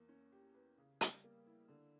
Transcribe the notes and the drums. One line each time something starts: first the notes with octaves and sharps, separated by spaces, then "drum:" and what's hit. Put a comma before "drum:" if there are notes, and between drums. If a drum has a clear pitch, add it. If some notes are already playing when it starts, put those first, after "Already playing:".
Already playing: E2 A#3
C#4
G4
B4
C#3
G3, drum: hi-hat
A#3
E4
D3